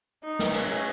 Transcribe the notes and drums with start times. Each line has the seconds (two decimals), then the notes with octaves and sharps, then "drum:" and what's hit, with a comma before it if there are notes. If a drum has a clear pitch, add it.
0.23 D#4
0.39 drum: snare
0.54 C#4, drum: cymbal